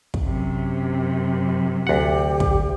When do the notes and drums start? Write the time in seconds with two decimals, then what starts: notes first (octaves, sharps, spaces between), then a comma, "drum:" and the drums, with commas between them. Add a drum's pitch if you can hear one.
0.14 drum: kick
0.24 F#2 C3
1.87 D2 G4 F#5
2.40 drum: kick